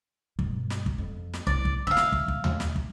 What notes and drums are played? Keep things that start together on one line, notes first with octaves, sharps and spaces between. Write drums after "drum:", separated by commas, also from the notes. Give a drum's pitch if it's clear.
G2 B2, drum: kick
drum: snare
drum: kick
F2
drum: snare
C2 D5, drum: kick
drum: kick
D3 E5 F5
drum: snare
drum: kick
drum: kick
drum: tom D#2
drum: snare
drum: kick